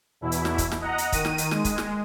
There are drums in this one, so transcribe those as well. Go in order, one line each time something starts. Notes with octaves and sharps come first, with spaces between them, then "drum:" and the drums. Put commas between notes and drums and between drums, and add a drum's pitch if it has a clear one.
E2 B2 E4
drum: hi-hat
drum: snare
drum: kick, hi-hat
drum: snare
D#5 F#5 A#5
drum: hi-hat
D#3 D#7, drum: kick, hi-hat
drum: snare
drum: hi-hat
G#3, drum: snare
drum: kick, hi-hat
drum: snare